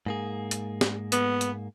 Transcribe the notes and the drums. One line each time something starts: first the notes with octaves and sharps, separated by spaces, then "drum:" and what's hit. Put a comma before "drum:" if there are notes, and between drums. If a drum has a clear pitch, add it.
G#2 A#3 G#4
drum: hi-hat
drum: snare
B3, drum: hi-hat
drum: hi-hat